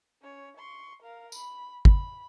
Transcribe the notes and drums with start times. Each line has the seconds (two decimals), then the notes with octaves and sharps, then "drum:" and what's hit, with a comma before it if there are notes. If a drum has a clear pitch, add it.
0.22 C#4 C#5
0.57 C6 C#6
1.03 A#4 F5
1.32 B5, drum: tambourine
1.85 B5, drum: kick